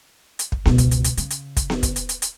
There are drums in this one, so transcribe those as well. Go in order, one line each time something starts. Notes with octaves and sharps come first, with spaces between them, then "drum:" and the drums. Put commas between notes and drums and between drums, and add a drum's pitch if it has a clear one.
drum: hi-hat
drum: kick
C#2 B2, drum: snare B3
drum: kick, hi-hat
drum: hi-hat
drum: hi-hat
C#3, drum: hi-hat
drum: hi-hat
drum: kick, hi-hat
drum: snare B3
drum: kick, hi-hat
drum: hi-hat
drum: hi-hat
drum: hi-hat